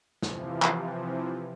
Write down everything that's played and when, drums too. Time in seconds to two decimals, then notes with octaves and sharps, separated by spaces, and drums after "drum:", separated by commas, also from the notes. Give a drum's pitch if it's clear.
0.22 C3 E3 F3, drum: snare
0.62 drum: clap